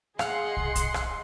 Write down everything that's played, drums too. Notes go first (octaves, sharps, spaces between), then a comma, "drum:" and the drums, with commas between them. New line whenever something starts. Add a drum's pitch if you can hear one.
G#4 D#5 F5 F#5 C6 C7, drum: rim click
drum: kick
drum: kick, hi-hat
drum: rim click